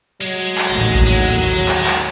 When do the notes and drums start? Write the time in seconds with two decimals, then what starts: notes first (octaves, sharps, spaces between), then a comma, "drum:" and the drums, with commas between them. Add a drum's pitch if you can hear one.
0.21 F#3 G#3
0.58 drum: clap
0.70 A1 D#2 D#3
0.95 drum: kick A1
1.07 G#3
1.69 drum: clap
1.87 drum: clap